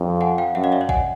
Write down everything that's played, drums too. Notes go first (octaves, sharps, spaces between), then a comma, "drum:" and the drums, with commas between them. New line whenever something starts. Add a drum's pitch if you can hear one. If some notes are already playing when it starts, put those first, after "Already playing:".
Already playing: F2
F#5 G#5
F5 G5
F#2 E5 F#5
D#5 F5
D5 E5
C#5 D#5
F#5 G#5, drum: kick A1